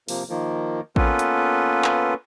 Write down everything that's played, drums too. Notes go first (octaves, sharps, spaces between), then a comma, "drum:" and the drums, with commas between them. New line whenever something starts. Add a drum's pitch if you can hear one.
C3 F3 A#3, drum: open hi-hat
D#3 F3 A#3
A#3 B3 C#4 F4 A4 B4, drum: kick A1
drum: hi-hat
drum: clap